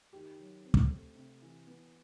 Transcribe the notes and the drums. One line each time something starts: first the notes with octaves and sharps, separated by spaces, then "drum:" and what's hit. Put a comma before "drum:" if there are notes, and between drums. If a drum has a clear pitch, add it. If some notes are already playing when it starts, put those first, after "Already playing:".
D#3 G4
F#3
C4
drum: kick
A3
C3
E3
B3